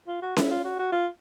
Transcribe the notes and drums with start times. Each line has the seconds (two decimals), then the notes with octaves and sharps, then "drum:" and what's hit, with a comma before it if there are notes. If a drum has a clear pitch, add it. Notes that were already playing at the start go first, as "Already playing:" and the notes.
0.08 F4
0.22 F#4
0.37 E4, drum: snare C#4
0.51 F4
0.64 F#4
0.79 F#4
0.92 F4